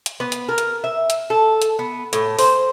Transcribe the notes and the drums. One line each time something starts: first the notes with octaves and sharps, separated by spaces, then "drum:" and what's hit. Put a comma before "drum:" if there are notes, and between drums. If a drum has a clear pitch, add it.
drum: hi-hat
B3
drum: hi-hat
A#4
drum: hi-hat
E5
drum: hi-hat
A4
drum: hi-hat
B3
A2, drum: hi-hat
C5, drum: open hi-hat